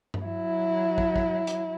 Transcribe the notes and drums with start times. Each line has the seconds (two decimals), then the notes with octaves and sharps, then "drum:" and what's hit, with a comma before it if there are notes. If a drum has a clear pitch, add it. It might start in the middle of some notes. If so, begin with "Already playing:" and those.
0.14 drum: tom G2
0.25 F#3 E4
0.98 drum: kick
1.16 drum: kick
1.47 drum: hi-hat